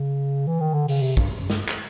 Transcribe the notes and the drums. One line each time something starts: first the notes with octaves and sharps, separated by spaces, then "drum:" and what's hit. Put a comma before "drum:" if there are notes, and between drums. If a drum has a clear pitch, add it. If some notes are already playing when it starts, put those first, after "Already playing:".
Already playing: C#3
E3
D#3
D3
C#3, drum: open hi-hat
C3
G2, drum: kick
F#2
G2, drum: snare
drum: clap